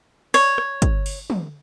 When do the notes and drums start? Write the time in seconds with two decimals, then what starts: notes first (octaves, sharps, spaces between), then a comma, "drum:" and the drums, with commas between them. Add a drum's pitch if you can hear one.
0.34 C#5, drum: open hi-hat
0.58 drum: rim click
0.82 drum: kick, hi-hat
1.06 drum: open hi-hat
1.30 drum: tom